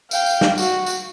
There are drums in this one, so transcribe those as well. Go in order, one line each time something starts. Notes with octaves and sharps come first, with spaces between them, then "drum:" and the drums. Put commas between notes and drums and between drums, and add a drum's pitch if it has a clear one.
F5 G5, drum: tambourine
drum: tambourine
drum: snare
F#4, drum: tambourine
drum: tambourine